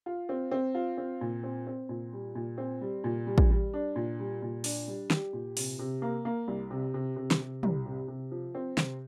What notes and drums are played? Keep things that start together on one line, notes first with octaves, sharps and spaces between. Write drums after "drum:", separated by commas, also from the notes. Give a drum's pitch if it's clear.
F4
C4
C4
F4
C4
A#2
C4
C4
A#2
G3
A#2
C4
G3
A#2
G3
drum: kick
G3
D4
A#2
G3
A#2
D4, drum: open hi-hat
G3
G4, drum: snare
A#2
C3, drum: open hi-hat
C3
A#3
A#3
C2
C3
C3
C3
drum: snare
C3
C2, drum: tom
C3
C3
F3
C4
C3, drum: snare